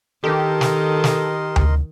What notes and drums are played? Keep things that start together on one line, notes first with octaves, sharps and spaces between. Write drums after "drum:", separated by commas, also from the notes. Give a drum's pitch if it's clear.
D#3 G4 A4 A#4 D#5 C6
drum: snare
drum: snare
drum: tom D2